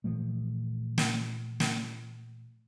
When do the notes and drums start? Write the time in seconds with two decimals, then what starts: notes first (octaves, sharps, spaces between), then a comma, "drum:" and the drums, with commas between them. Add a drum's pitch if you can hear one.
0.04 A#2 E3 F3 A3
0.98 drum: snare
1.60 drum: snare